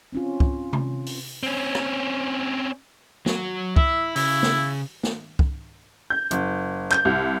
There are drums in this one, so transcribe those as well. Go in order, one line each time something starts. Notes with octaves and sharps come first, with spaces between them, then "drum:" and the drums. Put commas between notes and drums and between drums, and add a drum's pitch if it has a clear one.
C4 C#4 F4
drum: kick
drum: tom C3
drum: open hi-hat
C4 C#4
drum: rim click
F#3 F#4, drum: snare
E4 E5, drum: kick
C#3 E4, drum: open hi-hat
drum: snare
drum: snare
drum: kick
G6
F#1, drum: hi-hat
G6, drum: clap
C2